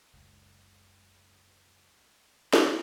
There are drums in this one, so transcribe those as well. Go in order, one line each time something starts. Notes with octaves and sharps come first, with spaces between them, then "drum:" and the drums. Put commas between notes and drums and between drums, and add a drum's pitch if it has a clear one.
F#1 C#2 F#2
drum: snare